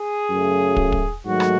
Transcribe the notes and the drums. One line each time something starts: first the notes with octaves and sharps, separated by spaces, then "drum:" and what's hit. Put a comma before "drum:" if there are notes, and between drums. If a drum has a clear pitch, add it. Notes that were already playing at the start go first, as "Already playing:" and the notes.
Already playing: G#4
F#2 C#3 F#3 A3
drum: kick
drum: kick
G#2 D#3 F#3 A3 F#4
drum: rim click